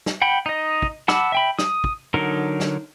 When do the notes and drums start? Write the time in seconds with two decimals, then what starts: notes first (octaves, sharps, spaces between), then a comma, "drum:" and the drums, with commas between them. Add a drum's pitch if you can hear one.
0.06 drum: snare
0.22 F#5 G5 B5
0.46 D#4 D#5
0.82 drum: kick
1.08 F#5 A5 B5 D6 E6, drum: snare
1.32 E5 G5 B5
1.59 D#6, drum: snare
1.84 drum: kick
2.14 D3 F#3 D#4 A#4
2.60 drum: snare